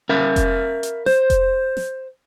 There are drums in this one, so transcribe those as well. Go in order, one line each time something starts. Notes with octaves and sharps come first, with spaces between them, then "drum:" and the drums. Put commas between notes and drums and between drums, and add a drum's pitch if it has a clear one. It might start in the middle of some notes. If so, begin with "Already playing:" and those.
A#4 E5 F5 B5
drum: kick F1, hi-hat
drum: hi-hat
C5, drum: snare
drum: kick F1, hi-hat
drum: snare